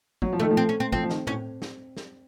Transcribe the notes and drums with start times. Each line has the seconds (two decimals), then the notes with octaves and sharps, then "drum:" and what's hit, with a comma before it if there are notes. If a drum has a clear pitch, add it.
0.22 F#3, drum: kick
0.32 F3
0.40 D#3 A3
0.50 F3
0.57 C4
0.69 C#4
0.80 C4
0.92 F3 C4, drum: kick
1.03 F3
1.10 D#3, drum: snare
1.27 A2 C#4, drum: tom A2
1.62 drum: snare
1.97 drum: snare